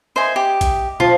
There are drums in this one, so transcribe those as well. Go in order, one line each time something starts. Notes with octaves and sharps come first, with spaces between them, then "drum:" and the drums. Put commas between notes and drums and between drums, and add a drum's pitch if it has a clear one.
C5 D#5 E5 G#5
G4
drum: kick A#1, hi-hat
F3 F4, drum: tom